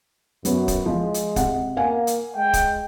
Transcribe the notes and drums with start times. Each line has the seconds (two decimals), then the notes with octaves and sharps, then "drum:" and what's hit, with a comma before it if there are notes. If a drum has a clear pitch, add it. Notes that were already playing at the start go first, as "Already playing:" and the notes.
0.45 F#2 F#3 B3, drum: hi-hat
0.68 drum: kick, hi-hat
0.86 F3 G#3
1.14 drum: hi-hat
1.36 C3 F#5, drum: kick, hi-hat
1.77 A#3 F5 F#5 G#5
2.07 drum: hi-hat
2.37 G#3 G5
2.53 drum: kick, hi-hat